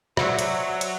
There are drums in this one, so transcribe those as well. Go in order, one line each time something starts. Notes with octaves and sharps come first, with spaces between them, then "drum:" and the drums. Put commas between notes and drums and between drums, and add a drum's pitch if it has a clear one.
F#3 C5 D5 E5, drum: rim click
drum: hi-hat
drum: hi-hat